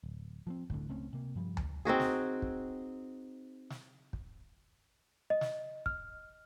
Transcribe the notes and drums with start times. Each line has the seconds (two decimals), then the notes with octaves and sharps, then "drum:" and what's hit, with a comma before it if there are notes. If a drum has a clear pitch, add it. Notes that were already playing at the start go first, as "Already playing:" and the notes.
0.04 D1
0.47 F3 B3 C4
0.70 G1 D2 A2 D3, drum: kick
0.89 C#2 A3 C4 C#4
1.13 C3 A#3
1.36 G2 F3 G3
1.57 drum: tom D2
1.85 C4 D#4 F#4 G#4
2.00 drum: snare
2.42 drum: kick
3.70 drum: snare
4.13 drum: kick
5.30 D#5
5.41 drum: snare
5.86 F6, drum: kick